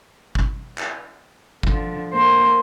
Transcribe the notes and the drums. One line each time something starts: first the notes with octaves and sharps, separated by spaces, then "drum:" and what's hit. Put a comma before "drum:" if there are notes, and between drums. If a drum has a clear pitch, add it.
drum: kick G1
drum: clap
D3 F3, drum: kick G1
A#3 C5